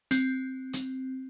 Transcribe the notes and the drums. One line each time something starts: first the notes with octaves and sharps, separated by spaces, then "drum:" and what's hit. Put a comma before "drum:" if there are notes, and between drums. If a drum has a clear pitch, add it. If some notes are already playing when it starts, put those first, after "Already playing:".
C4, drum: hi-hat
drum: hi-hat